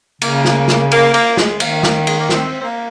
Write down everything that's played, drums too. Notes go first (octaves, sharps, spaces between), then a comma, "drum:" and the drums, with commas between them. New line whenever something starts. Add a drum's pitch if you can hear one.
C#3 A#3, drum: cymbal
drum: snare
drum: snare
A#3, drum: cymbal
A#3, drum: cymbal
G#3, drum: snare
D#3 A#3, drum: cymbal
drum: snare
G#3, drum: cymbal
A#3
C4, drum: snare
C4
A#3